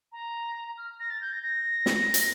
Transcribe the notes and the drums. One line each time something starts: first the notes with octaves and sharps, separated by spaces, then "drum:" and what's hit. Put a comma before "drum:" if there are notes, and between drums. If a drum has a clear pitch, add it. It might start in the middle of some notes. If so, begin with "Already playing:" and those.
A#5
F6
A#6
A6
G6
A#6
A#6
drum: snare
drum: hi-hat